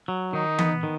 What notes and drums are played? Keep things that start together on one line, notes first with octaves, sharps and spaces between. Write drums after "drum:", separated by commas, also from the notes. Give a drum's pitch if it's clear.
F#3
D#3 D#4
B3, drum: tom E3
D#3